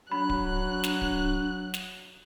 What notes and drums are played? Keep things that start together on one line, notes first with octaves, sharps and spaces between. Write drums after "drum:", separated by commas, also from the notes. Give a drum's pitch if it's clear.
F#3 D4 B5 F#6
drum: kick D1
drum: snare
drum: kick D1
drum: snare